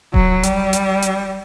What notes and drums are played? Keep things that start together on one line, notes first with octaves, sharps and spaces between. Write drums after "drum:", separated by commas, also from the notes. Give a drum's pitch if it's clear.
F#3, drum: kick D#1
G3, drum: hi-hat
drum: hi-hat
drum: hi-hat